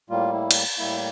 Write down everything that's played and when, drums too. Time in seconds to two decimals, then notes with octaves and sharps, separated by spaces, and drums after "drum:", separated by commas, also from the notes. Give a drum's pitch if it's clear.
0.10 A2 G3 A#3 F4
0.32 E4
0.51 drum: cymbal
0.78 A2 G3 A#3 E4